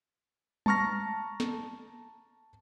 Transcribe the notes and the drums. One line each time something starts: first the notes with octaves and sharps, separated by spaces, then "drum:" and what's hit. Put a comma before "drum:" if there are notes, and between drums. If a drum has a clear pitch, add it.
A5 A#5 C#6 F6 A#6, drum: tom G3
drum: snare